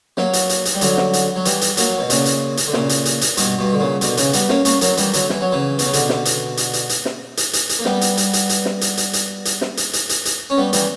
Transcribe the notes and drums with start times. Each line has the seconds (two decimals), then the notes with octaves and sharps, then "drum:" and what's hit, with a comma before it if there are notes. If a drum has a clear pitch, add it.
0.17 F#3 A#3, drum: snare
0.33 drum: hi-hat
0.49 drum: hi-hat
0.65 drum: hi-hat
0.74 G3
0.81 D3 F#3, drum: hi-hat
0.97 drum: snare
1.13 drum: hi-hat
1.36 F#3
1.45 E3 G3, drum: hi-hat
1.61 drum: hi-hat
1.77 F#3 A#3, drum: hi-hat
1.98 B2
2.10 A#2 C#3, drum: hi-hat
2.25 drum: hi-hat
2.57 drum: hi-hat
2.67 D3
2.73 A#2 C#3, drum: snare
2.89 drum: hi-hat
3.05 drum: hi-hat
3.21 drum: hi-hat
3.37 G2 B2, drum: hi-hat
3.59 G2 B2
3.73 D3
3.80 A#2 C#3
4.01 B2 D3, drum: hi-hat
4.17 C#3 E3, drum: hi-hat
4.33 G3 B3, drum: hi-hat
4.49 A#3 C#4, drum: snare
4.65 A#3 C#4, drum: hi-hat
4.81 F#3 A#3, drum: hi-hat
4.97 E3 G3, drum: hi-hat
5.13 D3 F#3, drum: hi-hat
5.30 E3, drum: snare
5.41 F#3
5.52 C#3 E3
5.79 B2, drum: hi-hat
5.86 C#3
5.93 B2 D3, drum: hi-hat
6.09 drum: snare
6.25 drum: hi-hat
6.57 drum: hi-hat
6.73 drum: hi-hat
6.89 drum: hi-hat
7.05 drum: snare
7.37 drum: hi-hat
7.53 drum: hi-hat
7.69 drum: hi-hat
7.79 A#3
7.85 G3 B3, drum: snare
8.01 drum: hi-hat
8.17 drum: hi-hat
8.33 drum: hi-hat
8.49 drum: hi-hat
8.65 drum: snare
8.81 drum: hi-hat
8.97 drum: hi-hat
9.13 drum: hi-hat
9.45 drum: hi-hat
9.61 drum: snare
9.77 drum: hi-hat
9.93 drum: hi-hat
10.09 drum: hi-hat
10.25 drum: hi-hat
10.50 C#4
10.57 G3 B3
10.73 E3 G3, drum: hi-hat